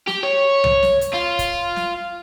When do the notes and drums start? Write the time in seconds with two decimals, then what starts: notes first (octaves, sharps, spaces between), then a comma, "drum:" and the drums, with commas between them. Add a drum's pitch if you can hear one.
0.08 G4, drum: snare
0.23 C#5
0.64 drum: tom C2
0.83 drum: snare
1.01 drum: hi-hat
1.13 F4
1.39 drum: kick, hi-hat
1.76 drum: snare